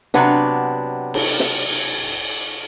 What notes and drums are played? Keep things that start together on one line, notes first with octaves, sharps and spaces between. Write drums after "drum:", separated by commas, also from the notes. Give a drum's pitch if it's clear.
C3 F#3 B3 D4, drum: snare
drum: cymbal
drum: snare